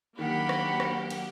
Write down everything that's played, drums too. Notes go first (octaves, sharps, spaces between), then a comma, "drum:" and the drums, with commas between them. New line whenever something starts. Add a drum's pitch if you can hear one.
D#3 F#3 A#3 D4 G4 F#5 B5
drum: rim click
drum: rim click
drum: cymbal